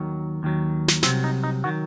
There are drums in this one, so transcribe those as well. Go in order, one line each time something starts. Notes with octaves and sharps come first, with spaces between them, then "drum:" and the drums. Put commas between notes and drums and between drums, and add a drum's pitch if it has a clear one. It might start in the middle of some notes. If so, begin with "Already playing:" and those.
Already playing: D#2 D#3 F#3
D#2 D#3 F#3
drum: snare
C2 C3 F#3 C4, drum: snare
D#4
D#4
D#3 F#3 F#4